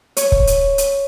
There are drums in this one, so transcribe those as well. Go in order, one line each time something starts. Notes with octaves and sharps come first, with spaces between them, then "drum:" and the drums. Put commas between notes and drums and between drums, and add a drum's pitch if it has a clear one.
C#5, drum: hi-hat
drum: kick
drum: hi-hat
drum: hi-hat